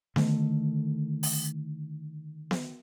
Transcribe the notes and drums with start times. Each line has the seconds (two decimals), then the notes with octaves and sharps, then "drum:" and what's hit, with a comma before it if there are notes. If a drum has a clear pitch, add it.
0.16 D3 D#3 A3, drum: snare B3
1.23 drum: open hi-hat
2.51 drum: snare B3